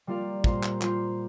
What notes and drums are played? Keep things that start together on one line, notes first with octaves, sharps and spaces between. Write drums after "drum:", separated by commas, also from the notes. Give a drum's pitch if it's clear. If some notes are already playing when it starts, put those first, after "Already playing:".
G3 A#3 F4 D5 F5
A#2 A#3 F4 C5, drum: kick
drum: clap
G3 A#3 F4 C5, drum: clap